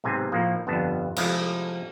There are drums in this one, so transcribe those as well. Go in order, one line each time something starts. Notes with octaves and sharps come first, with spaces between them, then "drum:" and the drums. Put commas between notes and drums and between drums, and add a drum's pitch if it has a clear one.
B1 G#2 C3 C4 G#5
A2 F3 A#3
G1 F2 B3 D4 A5
C3 F3 G#3 A3 E4, drum: cymbal